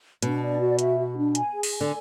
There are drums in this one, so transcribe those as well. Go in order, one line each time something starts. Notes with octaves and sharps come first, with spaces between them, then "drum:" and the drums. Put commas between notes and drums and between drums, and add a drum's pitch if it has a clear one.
B2 D4, drum: hi-hat
D5
F#4
E5, drum: hi-hat
F#4
D4
G#5, drum: hi-hat
G#4
drum: open hi-hat
G#5
D3